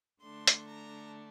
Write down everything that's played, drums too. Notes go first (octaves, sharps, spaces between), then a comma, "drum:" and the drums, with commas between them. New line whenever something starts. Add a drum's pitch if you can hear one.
D3 A3 D4 C6
drum: hi-hat
A#5